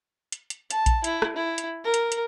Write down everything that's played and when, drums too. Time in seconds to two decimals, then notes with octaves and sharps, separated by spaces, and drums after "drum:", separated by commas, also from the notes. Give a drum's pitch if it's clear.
0.32 drum: hi-hat
0.50 drum: hi-hat
0.70 A5, drum: hi-hat
0.86 drum: kick A#1, hi-hat
1.04 E4, drum: hi-hat
1.22 drum: rim click
1.36 E4
1.58 drum: hi-hat
1.84 A#4
1.94 drum: hi-hat
2.12 drum: hi-hat